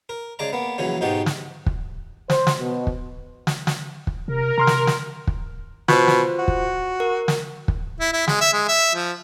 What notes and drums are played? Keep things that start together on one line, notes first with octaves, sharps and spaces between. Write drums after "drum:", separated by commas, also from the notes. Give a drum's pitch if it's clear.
A#4
C#3 G#3 D5 A5 A#5
A#3 B3
A#1 C#3 E3 F#3 C#4
G#2 B2 F3 D#4 F#4 G4
drum: snare
drum: kick
C5, drum: snare
drum: snare
B2
drum: kick
drum: snare
drum: snare
drum: kick
C3 A#4
C3 A#5 C6 F6
drum: snare
drum: snare
drum: kick
B2 F4 C5, drum: snare
drum: snare
F#4
drum: kick
A#4
drum: snare
drum: kick
E4
E4
G#3, drum: snare
E5
G#3
E5
F3